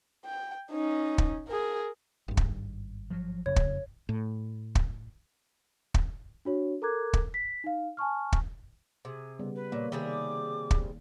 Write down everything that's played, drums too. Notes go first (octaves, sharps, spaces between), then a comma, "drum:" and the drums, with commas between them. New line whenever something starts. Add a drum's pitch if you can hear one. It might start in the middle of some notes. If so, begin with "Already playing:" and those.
G5
C#4 D#4
drum: kick
G#4 A#4
G#1 G2
drum: kick
F3 F#3
F2 C#3 C#5
drum: kick
A2
drum: kick
drum: kick
D4 F#4 C#5
A4 A#4 A#5 D6 F#6 G#6
drum: kick
B6
D#4 F5
G#5 A5 C#6 F6
drum: kick
C3 G#4
C#3 G3 B3
B4
A#2 A#3 C#5 D5
C3 D#3 G3 G#4 B5
D6
drum: kick